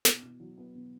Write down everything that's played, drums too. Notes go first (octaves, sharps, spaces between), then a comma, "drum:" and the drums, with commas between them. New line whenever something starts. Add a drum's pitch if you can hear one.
B2, drum: snare
B2
F#3
B3
B2